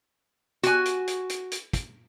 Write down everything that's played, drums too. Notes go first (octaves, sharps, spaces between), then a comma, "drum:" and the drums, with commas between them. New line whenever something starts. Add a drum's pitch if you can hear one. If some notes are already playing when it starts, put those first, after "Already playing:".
F#4 G#5, drum: hi-hat
drum: hi-hat
drum: hi-hat
drum: hi-hat
drum: hi-hat
drum: kick, hi-hat